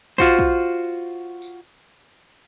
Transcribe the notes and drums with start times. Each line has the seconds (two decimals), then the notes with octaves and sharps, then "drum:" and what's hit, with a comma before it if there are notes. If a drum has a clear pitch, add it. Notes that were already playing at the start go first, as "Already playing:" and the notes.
0.18 F4 F#4 C5, drum: kick
0.39 drum: kick
1.42 drum: tambourine